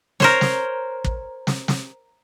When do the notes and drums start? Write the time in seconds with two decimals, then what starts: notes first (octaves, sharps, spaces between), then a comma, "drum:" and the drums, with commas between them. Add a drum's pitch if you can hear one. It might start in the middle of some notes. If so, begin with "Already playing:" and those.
0.20 A#4 C5 C#5, drum: snare
0.41 drum: snare
1.05 drum: kick
1.47 drum: snare
1.68 drum: snare